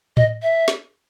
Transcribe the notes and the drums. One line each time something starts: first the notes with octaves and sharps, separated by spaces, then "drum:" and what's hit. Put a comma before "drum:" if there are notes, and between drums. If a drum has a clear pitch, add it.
D#5, drum: tom A2
E5
drum: snare